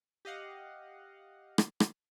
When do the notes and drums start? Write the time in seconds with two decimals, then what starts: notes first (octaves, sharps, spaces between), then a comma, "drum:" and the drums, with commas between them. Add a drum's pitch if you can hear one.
0.25 G4 D#5 F5 F#5
1.58 drum: rim click
1.80 drum: rim click